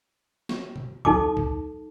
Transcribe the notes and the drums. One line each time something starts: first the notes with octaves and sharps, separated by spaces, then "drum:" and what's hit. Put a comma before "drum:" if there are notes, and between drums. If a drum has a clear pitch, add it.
drum: snare
drum: tom
D#4 A4 A5 D6, drum: kick
drum: kick